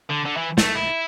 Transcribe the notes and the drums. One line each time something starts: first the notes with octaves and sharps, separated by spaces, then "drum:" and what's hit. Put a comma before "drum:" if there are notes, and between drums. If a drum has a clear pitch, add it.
D3
D3
E3
A3, drum: snare
E4